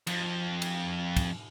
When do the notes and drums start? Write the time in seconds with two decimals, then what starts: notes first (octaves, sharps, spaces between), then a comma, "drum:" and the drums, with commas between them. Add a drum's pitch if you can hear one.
0.07 F2, drum: cymbal
0.62 drum: cymbal
1.17 drum: kick, cymbal